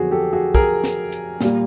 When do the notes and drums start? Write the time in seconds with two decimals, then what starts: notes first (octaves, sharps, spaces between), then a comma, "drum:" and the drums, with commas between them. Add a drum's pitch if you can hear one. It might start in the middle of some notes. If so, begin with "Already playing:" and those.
Already playing: F2 D3 F#3 B3 F#4 G#4
0.11 G4 A4
0.33 F#4 G#4
0.54 G#4 A#4, drum: kick
0.84 drum: snare
1.12 drum: hi-hat
1.41 A#2 G3 A#3, drum: snare